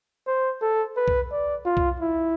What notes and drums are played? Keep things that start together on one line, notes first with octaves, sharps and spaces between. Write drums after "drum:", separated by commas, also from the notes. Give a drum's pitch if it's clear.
C5
A4
B4
drum: kick
D5
F4
drum: kick
E4